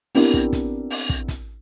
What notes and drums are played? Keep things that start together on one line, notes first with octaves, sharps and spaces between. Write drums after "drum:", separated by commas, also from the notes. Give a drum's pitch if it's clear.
B3 C4 D4 E4 G4 A#4, drum: open hi-hat
drum: kick
drum: kick, hi-hat
drum: open hi-hat
drum: kick
drum: kick, hi-hat